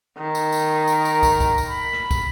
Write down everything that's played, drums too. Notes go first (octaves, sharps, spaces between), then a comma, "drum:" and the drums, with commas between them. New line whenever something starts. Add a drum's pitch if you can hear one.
D#3
drum: tambourine
drum: tambourine
A#4
drum: tambourine
drum: tambourine
drum: kick, tambourine
drum: kick, tambourine
drum: tambourine
B5
drum: rim click
drum: kick, tambourine